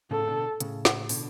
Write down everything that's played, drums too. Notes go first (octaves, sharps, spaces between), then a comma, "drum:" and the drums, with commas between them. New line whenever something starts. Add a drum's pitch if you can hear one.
A2 C#3 A4
B2 D3
A2 C#3, drum: hi-hat
drum: snare
B2 D3, drum: open hi-hat